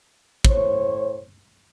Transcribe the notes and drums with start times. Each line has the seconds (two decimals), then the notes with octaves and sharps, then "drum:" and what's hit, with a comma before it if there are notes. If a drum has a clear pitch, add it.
0.45 A2 C5 C#5, drum: kick